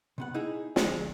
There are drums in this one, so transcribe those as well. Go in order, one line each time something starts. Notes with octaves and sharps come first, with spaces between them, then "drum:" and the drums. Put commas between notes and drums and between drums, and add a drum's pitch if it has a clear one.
C3 B3 F#5
D#4 E4 G#4
D2 F3 G#3, drum: snare